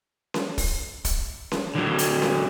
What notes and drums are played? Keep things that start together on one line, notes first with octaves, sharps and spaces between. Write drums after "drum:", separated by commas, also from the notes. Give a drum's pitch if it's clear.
drum: snare C#4
drum: kick, open hi-hat
drum: kick, hi-hat
drum: snare C#4
D3 F#3
drum: hi-hat
drum: snare C#4